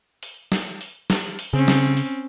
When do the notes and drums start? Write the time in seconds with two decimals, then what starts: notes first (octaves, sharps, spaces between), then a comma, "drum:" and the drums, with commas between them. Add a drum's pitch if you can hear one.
0.23 drum: open hi-hat
0.52 drum: snare
0.81 drum: open hi-hat
1.10 drum: snare
1.39 drum: open hi-hat
1.53 C#3 C4 C#4
1.68 drum: snare
1.97 drum: open hi-hat